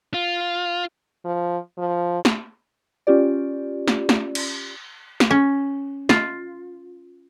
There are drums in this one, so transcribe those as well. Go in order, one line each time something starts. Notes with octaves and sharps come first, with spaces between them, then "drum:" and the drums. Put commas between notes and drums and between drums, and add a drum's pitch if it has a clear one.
F4
F3
F3
drum: snare
C#4 F4 G4 D5
drum: snare
drum: snare
drum: cymbal
drum: snare
C#4
F4, drum: snare